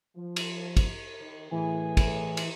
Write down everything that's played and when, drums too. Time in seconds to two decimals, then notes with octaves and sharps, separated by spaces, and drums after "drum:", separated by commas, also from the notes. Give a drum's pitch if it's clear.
0.16 F3
0.36 drum: cymbal
0.77 drum: kick, cymbal
1.20 D#3
1.51 A2 E3 G#4 G#5
1.97 drum: kick, cymbal
2.37 drum: cymbal